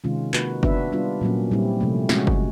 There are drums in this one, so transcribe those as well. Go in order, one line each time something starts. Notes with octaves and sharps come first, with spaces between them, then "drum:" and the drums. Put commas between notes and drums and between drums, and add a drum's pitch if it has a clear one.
C3 D#3 G#3 C#4 F4
A#3 D#4 F#4 B4, drum: clap
B3 D4 F#4 B4 E5, drum: kick F#1
G3 B3 D4 F4
A#2 F#3 A#3 C#4
A#2 G3 C4 E4
C3 F3 A3 C#4
G#3 C#4 F#4, drum: snare
drum: kick F#1